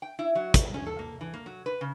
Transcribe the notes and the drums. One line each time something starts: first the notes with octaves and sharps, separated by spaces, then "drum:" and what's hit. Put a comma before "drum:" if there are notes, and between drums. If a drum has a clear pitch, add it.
G5
E4
F#3
G3, drum: kick, hi-hat
C#4
A4
A#3
E3
A#3
F#3
B4
C#3